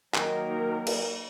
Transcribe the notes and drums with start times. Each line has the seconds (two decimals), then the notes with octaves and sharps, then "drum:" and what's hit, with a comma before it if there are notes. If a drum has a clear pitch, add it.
0.14 D#3 F#3 A#3 D#4 A#4, drum: clap
0.87 drum: cymbal